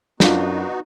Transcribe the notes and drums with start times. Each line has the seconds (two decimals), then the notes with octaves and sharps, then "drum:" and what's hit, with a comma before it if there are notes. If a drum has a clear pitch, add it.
0.20 F#2 B3 D4 D#4 F4 F#4, drum: snare